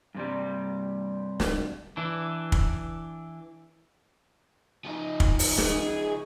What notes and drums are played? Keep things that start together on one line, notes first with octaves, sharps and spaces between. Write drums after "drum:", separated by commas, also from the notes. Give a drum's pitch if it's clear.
G2 C3 G3
drum: snare
E3 D4
drum: kick
F3 D#4
drum: kick
drum: open hi-hat
G#4, drum: snare